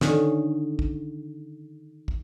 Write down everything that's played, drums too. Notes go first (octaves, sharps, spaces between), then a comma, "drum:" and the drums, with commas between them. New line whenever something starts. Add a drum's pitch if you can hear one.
D3 D#3 C#4, drum: snare
drum: kick
drum: kick